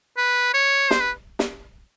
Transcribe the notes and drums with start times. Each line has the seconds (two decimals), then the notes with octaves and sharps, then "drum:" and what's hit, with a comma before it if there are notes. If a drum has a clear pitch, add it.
0.17 B4
0.54 C#5
0.91 C5, drum: snare
1.01 B4
1.39 drum: snare